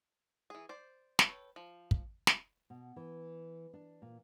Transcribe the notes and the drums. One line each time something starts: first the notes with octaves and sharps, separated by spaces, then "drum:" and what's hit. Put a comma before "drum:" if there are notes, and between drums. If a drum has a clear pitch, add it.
E3 G#4
C5 D5
A4 B4 C#5 G5, drum: snare
F3
drum: kick
drum: snare
B2
E3
D4
A#2